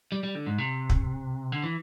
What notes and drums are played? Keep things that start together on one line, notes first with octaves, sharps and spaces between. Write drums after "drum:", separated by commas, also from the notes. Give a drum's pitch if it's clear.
G3
G3
D3
G#2
C3
drum: kick
D3
E3